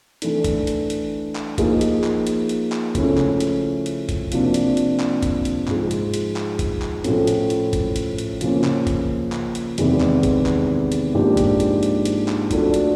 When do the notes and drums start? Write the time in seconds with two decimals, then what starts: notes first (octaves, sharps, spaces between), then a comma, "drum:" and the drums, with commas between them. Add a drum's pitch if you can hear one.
0.22 E3 A3 D4, drum: hi-hat
0.44 drum: kick, hi-hat
0.67 drum: hi-hat
0.90 drum: hi-hat
1.36 drum: clap
1.58 F3 A#3 D#4 G#4, drum: kick, hi-hat
1.81 drum: hi-hat
2.04 drum: clap
2.27 drum: hi-hat
2.49 drum: hi-hat
2.72 drum: clap
2.95 C#3 F3 A3 C#4 E4, drum: kick, hi-hat
3.18 drum: clap
3.40 drum: hi-hat
3.86 drum: hi-hat
4.09 drum: kick, hi-hat
4.32 C3 F3 A#3 D4, drum: hi-hat
4.54 drum: hi-hat
4.77 drum: hi-hat
5.00 drum: clap
5.23 drum: kick, hi-hat
5.45 drum: hi-hat
5.68 G#2 F3 G#3, drum: clap
5.91 drum: hi-hat
6.14 drum: hi-hat
6.36 drum: clap
6.59 drum: kick, hi-hat
6.82 drum: clap
7.04 A2 F3 A3 C#4, drum: hi-hat
7.27 drum: hi-hat
7.50 drum: hi-hat
7.73 drum: kick, hi-hat
7.96 drum: hi-hat
8.18 drum: hi-hat
8.41 C#3 F3 A#3 C#4, drum: hi-hat
8.64 drum: clap
8.87 drum: kick, hi-hat
9.32 drum: clap
9.55 drum: hi-hat
9.78 E2 C3 D#3 G#3 B3, drum: hi-hat
10.01 drum: clap
10.23 drum: kick, hi-hat
10.46 drum: clap
10.92 drum: hi-hat
11.14 G#2 F3 A#3 D4 G4
11.37 drum: kick, hi-hat
11.60 drum: hi-hat
11.83 drum: hi-hat
12.05 drum: hi-hat
12.28 drum: clap
12.51 F3 A3 D4 F#4 A4, drum: kick, hi-hat
12.74 drum: hi-hat